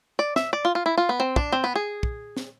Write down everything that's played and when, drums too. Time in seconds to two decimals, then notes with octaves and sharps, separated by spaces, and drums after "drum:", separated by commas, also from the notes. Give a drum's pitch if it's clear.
0.19 D5
0.36 E5, drum: snare
0.53 D5
0.65 F4
0.75 F4
0.86 E4
0.98 F4
1.09 B3
1.20 C4
1.36 D4, drum: kick
1.52 C4
1.64 B3
1.75 G#4
2.03 drum: kick
2.37 drum: snare